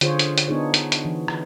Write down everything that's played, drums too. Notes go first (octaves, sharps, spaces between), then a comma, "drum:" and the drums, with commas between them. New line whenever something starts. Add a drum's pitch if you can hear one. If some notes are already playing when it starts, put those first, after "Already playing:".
D3 F4 G#4 C5 C#5, drum: hi-hat
drum: hi-hat
drum: hi-hat
B3 D4 D#4 G#4 C#5
drum: hi-hat
drum: hi-hat
E3
drum: rim click